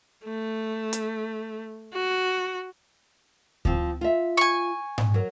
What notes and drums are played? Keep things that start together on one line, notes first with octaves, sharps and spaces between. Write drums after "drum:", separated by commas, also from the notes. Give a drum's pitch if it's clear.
A3
drum: hi-hat
F#4
F3 C4, drum: kick D2
F4 E5
G#5 C#6
drum: tom G#2
F#3 A#4